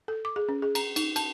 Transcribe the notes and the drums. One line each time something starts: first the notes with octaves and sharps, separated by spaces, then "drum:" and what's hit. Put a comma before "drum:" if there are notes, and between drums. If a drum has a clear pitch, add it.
A4
D6
G#4
C#4
G#4
A#5, drum: cymbal
D#4, drum: cymbal
A5, drum: cymbal